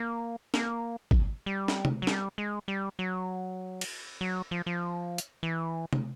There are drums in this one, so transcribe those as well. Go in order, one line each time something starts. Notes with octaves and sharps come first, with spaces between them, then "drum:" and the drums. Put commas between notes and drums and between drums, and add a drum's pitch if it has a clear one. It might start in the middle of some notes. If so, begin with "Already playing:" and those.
Already playing: A#3
A#3, drum: snare
drum: kick G#1
G3
drum: snare
drum: tom
F#3
G3, drum: snare
G#3
G3
F#3
drum: cymbal
F#3
F3
F3
drum: hi-hat
E3
drum: tom